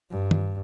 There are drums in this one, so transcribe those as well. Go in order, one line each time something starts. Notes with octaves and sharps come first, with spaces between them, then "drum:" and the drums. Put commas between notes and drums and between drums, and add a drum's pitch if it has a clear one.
G2
drum: tom